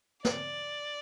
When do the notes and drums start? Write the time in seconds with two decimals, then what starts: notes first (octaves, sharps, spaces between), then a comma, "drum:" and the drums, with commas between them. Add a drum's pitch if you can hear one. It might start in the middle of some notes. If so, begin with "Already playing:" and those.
0.25 D5, drum: snare